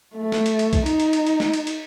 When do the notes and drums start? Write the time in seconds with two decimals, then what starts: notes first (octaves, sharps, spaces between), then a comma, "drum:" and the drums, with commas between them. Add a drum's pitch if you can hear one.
0.16 A3
0.32 drum: snare
0.46 drum: cymbal
0.59 drum: cymbal
0.73 drum: kick B1, cymbal
0.86 D#4, drum: cymbal
1.00 drum: cymbal
1.13 drum: cymbal
1.27 drum: cymbal
1.40 drum: snare
1.53 drum: cymbal
1.67 drum: cymbal